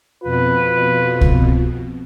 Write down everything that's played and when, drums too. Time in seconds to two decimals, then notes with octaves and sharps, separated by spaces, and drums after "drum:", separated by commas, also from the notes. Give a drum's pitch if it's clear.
0.24 F2 B2 F4 B4
1.21 drum: kick C2